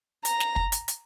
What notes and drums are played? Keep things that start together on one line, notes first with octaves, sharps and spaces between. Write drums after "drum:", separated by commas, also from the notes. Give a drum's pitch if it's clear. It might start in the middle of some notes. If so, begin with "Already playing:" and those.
A#5, drum: hi-hat
drum: snare
drum: kick
drum: hi-hat
drum: hi-hat